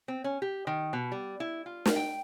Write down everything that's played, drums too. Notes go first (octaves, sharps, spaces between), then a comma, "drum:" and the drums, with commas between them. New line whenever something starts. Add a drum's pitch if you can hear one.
C4
C#4
G4
D#3
B2
G3
E4
F4
drum: snare
G5